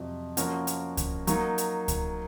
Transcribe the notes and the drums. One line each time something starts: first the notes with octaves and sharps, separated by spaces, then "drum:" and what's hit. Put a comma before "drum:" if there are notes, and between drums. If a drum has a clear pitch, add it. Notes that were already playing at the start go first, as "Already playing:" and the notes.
Already playing: F2 C3 F#3
F3 A#3 C#4 F#4 A#4, drum: hi-hat
drum: hi-hat
drum: kick C#2, hi-hat
F#3 A#3 D#4, drum: hi-hat
drum: hi-hat
drum: kick C#2, hi-hat